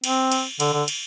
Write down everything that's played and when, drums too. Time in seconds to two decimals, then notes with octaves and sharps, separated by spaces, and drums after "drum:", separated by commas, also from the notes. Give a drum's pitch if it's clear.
0.04 C4, drum: cymbal
0.32 drum: cymbal
0.60 D3, drum: cymbal
0.73 D3
0.88 drum: cymbal